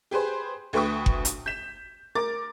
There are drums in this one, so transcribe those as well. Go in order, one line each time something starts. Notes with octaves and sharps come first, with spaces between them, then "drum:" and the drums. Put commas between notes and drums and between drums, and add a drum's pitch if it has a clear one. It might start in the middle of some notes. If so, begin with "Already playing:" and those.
G4 G#4 B4 C5
D2 A3 B4 G5 C#6 D#6
drum: kick F#1
drum: hi-hat
G6 B6 E7
A#4 D6 A6